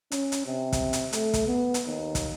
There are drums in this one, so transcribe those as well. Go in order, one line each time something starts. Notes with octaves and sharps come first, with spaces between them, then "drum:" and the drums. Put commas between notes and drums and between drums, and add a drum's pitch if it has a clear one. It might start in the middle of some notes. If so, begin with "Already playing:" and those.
C#4, drum: hi-hat
drum: hi-hat
C3
drum: kick, hi-hat
drum: hi-hat
A3, drum: hi-hat
drum: kick, hi-hat
B3
drum: hi-hat
D#2
drum: kick, hi-hat